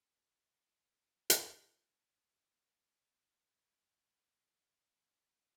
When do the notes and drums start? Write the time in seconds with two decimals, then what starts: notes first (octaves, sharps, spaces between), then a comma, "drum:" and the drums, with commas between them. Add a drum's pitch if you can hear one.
0.09 G#4
0.30 G5
0.50 E5
0.70 D#5
0.92 G#4
1.30 drum: hi-hat
1.74 G4
2.02 G4
2.10 E4
2.17 G4
2.30 E4
2.48 G4
2.58 E4
2.78 D#4
3.20 G4
3.33 B4
3.40 A#4
3.61 A#4
3.82 G4
4.03 B4
4.23 A#4
4.65 G#4
5.06 E4
5.19 G4
5.27 E4
5.37 G4